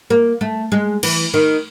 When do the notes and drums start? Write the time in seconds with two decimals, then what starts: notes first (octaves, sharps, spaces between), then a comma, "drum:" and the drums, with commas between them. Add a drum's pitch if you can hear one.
0.10 A#3
0.41 A3
0.72 G#3
1.03 E3, drum: cymbal
1.34 D#3